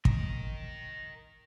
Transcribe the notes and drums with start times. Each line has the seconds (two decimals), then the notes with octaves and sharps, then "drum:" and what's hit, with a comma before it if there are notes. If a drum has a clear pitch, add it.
0.05 A#4 D#5, drum: kick